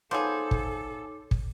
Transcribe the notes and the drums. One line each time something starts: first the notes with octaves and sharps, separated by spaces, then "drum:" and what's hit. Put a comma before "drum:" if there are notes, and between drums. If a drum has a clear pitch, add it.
F3 B3 D#4 G#4 A4 C5 C#5 D6
drum: kick
drum: kick